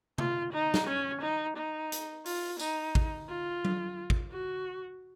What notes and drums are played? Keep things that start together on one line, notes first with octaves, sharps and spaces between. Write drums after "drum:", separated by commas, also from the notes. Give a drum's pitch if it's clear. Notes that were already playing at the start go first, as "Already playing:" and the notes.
F4, drum: tom C3
D#4
drum: snare
C#4
D#4
D#4
drum: hi-hat
F4, drum: open hi-hat
D#4, drum: tambourine
drum: kick
F4
drum: tom F#3
drum: kick
F#4